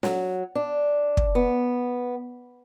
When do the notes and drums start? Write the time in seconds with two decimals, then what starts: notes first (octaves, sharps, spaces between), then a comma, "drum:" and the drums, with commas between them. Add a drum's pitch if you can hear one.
0.03 F#3, drum: snare
0.55 D4
1.17 drum: kick
1.35 B3